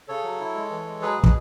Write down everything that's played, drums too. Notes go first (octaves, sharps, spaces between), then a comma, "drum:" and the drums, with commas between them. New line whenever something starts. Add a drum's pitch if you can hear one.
C#3 A4 C#5
F#3
E4
G#3
E3
G#3
F#3 G#4 B4
B2
B4, drum: kick